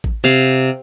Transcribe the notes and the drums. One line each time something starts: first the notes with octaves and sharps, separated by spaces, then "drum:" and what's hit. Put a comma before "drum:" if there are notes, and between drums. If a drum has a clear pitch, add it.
drum: kick A1
C3 F5